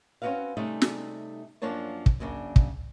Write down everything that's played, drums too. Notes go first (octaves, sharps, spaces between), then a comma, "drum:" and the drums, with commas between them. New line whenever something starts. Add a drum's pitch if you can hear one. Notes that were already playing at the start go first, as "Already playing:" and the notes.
C4 C#4 E4 F#4 B4 F5
C3 G3 A3 C#4 D#4 G#4
drum: snare
F#2 F3 A#3 D4 C#5 A5
drum: kick
F#2 C#3 A#3 D4
drum: kick